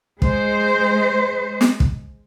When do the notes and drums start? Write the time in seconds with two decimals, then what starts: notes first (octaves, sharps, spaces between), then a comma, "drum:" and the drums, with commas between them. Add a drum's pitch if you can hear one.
0.22 G#3 C5, drum: kick
1.61 drum: snare
1.80 drum: kick